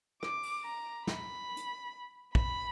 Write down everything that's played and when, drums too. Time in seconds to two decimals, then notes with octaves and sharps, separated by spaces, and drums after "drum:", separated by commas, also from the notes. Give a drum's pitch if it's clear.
0.23 D6, drum: rim click
0.43 drum: open hi-hat
0.65 A#5
1.07 B5, drum: snare
1.57 drum: hi-hat
2.35 B5, drum: kick